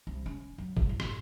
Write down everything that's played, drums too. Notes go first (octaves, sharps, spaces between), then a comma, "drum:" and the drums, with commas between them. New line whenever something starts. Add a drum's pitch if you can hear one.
C2
C#4
F#3
G2, drum: kick
A2
drum: rim click